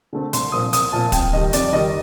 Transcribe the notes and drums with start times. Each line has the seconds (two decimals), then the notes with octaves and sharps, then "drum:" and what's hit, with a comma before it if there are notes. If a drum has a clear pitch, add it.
0.13 D3 A3 C4
0.33 C2 C6, drum: hi-hat
0.52 A#2 F3 C4 D#6
0.73 C2 D#6, drum: hi-hat
0.92 A#2 F3 C4 A5
1.12 F2 G5, drum: kick, hi-hat
1.33 D#3 G3 D#5
1.53 F2 D5, drum: hi-hat
1.72 D#3 G3 D#5